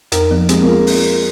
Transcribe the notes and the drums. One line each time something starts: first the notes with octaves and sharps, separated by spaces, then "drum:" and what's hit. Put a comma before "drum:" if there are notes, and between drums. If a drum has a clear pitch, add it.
F2 A#4, drum: hi-hat
F3 A#3
G#3 C4, drum: hi-hat
A#3
F4
drum: open hi-hat